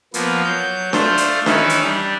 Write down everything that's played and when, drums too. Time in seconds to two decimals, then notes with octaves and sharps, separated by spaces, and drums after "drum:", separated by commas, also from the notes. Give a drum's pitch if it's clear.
0.14 F3 A#3 B3, drum: hi-hat
0.44 F#3 G6
0.93 A3 D4 F4 C5, drum: snare D4
1.17 drum: hi-hat
1.46 D#3 E3 C#4 D#4 E4, drum: snare D4
1.69 drum: hi-hat
1.83 G3 D4